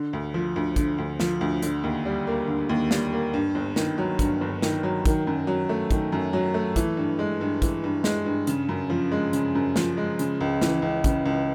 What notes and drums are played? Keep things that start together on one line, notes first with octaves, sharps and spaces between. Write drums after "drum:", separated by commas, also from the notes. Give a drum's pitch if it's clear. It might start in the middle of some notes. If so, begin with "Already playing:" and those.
Already playing: D3
D2
F3
D2
D3, drum: kick, hi-hat
D2
F3, drum: snare
D2
D3, drum: hi-hat
D#2
G3
A#3
D3
D#2
G3, drum: snare
A#3
G2
G1
D#3, drum: snare
F#3
G2, drum: kick, hi-hat
G1
D#3, drum: snare
F#3
D#3, drum: kick, hi-hat
F#2
F#3
A3
D#3, drum: kick, hi-hat
F#2
F#3
A3
E3, drum: kick, hi-hat
G2
G#3
G2
E3, drum: kick, hi-hat
G2
G#3, drum: snare
G2
C#3, drum: hi-hat
F#2
F3
G#3
C#3, drum: hi-hat
F#2
F3, drum: snare
G#3
C#3, drum: hi-hat
C#2
E3, drum: snare
C#2
C#3, drum: kick, hi-hat
C#2